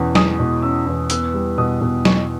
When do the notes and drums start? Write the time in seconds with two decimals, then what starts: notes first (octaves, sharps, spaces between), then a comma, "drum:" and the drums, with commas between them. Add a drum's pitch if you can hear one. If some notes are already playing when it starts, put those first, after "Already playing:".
Already playing: E2 B2 C#4
0.15 G#3 D#6, drum: snare F#3
0.39 B2
0.62 C#4 E6
0.87 E2
1.10 B3 E6, drum: hi-hat
1.34 G3
1.58 B2 D#6
1.81 B2
2.05 B3 C#6, drum: snare F#3